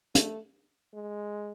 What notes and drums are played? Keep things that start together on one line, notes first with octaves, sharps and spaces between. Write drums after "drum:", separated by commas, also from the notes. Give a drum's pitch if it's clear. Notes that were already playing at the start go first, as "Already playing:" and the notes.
A3, drum: hi-hat
G#3